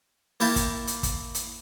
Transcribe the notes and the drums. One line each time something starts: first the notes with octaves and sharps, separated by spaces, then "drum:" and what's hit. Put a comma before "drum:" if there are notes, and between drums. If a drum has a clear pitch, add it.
A#3 E4 G5 A5, drum: open hi-hat
drum: kick, hi-hat
drum: hi-hat
drum: kick, hi-hat
drum: hi-hat